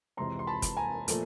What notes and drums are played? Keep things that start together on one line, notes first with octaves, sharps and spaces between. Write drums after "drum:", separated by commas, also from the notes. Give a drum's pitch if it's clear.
F2 C3 E3 G#3 C4 A#5 C6
C6
A5 B5
drum: kick, hi-hat
G#5 A#5
A#2 F3 A3, drum: hi-hat